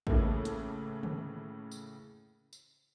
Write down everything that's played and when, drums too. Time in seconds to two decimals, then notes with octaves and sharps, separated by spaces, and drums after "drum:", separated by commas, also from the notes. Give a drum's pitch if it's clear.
0.07 A2 C#3 E3 A#3 E4 A4, drum: kick A1
0.45 drum: hi-hat
1.03 drum: tom D3
1.71 drum: tambourine
2.53 drum: tambourine